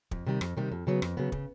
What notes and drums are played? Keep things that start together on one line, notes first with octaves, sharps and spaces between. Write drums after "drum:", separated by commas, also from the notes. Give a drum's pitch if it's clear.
F2, drum: kick
C3 D#3 G3
F2, drum: rim click
C3 D#3 G3
F2
C#3 F#3 B3
F2, drum: rim click
C#3 F#3 B3
C#3, drum: kick